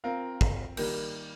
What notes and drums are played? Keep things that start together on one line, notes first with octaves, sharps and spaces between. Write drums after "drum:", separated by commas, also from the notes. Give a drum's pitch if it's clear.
C4 F4 A#4 F5
drum: kick
D#3 G3 A#3, drum: cymbal